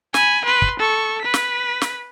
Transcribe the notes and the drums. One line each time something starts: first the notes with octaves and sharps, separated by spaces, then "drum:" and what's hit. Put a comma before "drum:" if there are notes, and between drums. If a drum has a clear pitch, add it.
G#5 B5, drum: snare
B4 C6
drum: kick
A4 C#6
B4 B6
drum: snare
drum: snare